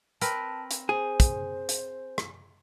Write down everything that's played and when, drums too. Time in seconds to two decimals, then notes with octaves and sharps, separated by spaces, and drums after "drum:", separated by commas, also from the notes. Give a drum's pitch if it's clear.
0.22 C4 A#4 B4 A5, drum: hi-hat
0.71 drum: hi-hat
0.89 G#4 C5
1.20 drum: kick, hi-hat
1.69 drum: hi-hat
2.18 drum: rim click